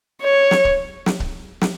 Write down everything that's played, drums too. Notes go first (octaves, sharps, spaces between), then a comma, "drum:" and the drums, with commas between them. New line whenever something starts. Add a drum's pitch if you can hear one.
C#5
drum: snare
drum: kick C#1
drum: snare
drum: kick C#1
drum: snare